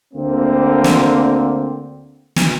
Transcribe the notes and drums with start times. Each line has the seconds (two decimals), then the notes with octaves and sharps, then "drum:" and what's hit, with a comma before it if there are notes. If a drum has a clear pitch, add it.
0.14 D2 D3 A#3 C4
0.84 drum: snare
2.36 drum: snare